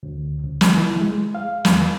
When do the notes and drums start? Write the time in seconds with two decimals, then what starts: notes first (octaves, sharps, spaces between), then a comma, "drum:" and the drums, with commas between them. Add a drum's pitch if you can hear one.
0.03 D2
0.44 C#2
0.61 drum: snare
0.74 E4
1.01 G#3
1.35 F5
1.65 E2, drum: snare